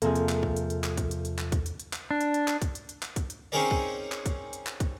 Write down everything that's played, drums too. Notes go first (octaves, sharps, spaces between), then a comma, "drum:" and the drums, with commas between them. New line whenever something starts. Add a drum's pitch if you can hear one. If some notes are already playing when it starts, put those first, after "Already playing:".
E2 C3 F3 A#3 G#4 A4, drum: hi-hat
drum: hi-hat
drum: clap
drum: kick
drum: hi-hat
drum: hi-hat
drum: clap
drum: kick, hi-hat
drum: hi-hat
drum: hi-hat
drum: clap
drum: kick, hi-hat
drum: hi-hat
drum: hi-hat
drum: clap
D4
drum: hi-hat
drum: hi-hat
drum: clap
drum: kick, hi-hat
drum: hi-hat
drum: hi-hat
drum: clap
drum: kick, hi-hat
drum: hi-hat
C4 C#4 D#4 G#4 A#4 D5
drum: kick
drum: clap
drum: kick, hi-hat
drum: hi-hat
drum: clap
drum: kick, hi-hat